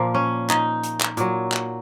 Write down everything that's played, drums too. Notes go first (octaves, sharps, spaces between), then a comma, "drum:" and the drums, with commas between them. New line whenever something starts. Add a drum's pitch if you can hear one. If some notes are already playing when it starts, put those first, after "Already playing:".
Already playing: A#2 F3 A#3
C#4
D#4, drum: clap
drum: hi-hat
drum: clap
A#2 F#3, drum: hi-hat
drum: clap